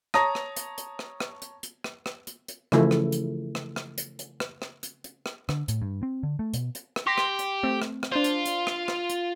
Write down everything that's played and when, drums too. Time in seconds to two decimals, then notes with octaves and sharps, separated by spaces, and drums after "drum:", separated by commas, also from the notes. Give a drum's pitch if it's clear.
0.14 C#5 A5 A#5 D#6 A#6, drum: rim click
0.35 drum: rim click
0.56 drum: hi-hat
0.78 drum: hi-hat
0.99 drum: rim click
1.20 drum: rim click
1.42 drum: hi-hat
1.63 drum: hi-hat
1.84 drum: rim click
2.06 drum: rim click
2.27 drum: hi-hat
2.48 drum: hi-hat
2.72 C#3 E3 F3 A3 E4 F4, drum: rim click
2.91 drum: rim click
3.12 drum: hi-hat
3.55 drum: rim click
3.76 drum: rim click
3.98 drum: hi-hat
4.19 drum: hi-hat
4.40 drum: rim click
4.62 drum: rim click
4.83 drum: hi-hat
5.04 drum: hi-hat
5.26 drum: rim click
5.49 D3, drum: rim click
5.68 A2, drum: hi-hat
5.82 G2
6.03 C4
6.23 D3
6.39 A3
6.54 B2, drum: hi-hat
6.75 drum: hi-hat
6.96 drum: rim click
7.07 G4 C6 A#6 B6
7.18 drum: rim click
7.39 drum: hi-hat
7.63 A3 C4
7.82 drum: rim click
8.03 drum: rim click
8.12 D4 F4 C5
8.24 drum: hi-hat
8.46 drum: hi-hat
8.67 drum: rim click
8.88 drum: rim click
9.10 drum: hi-hat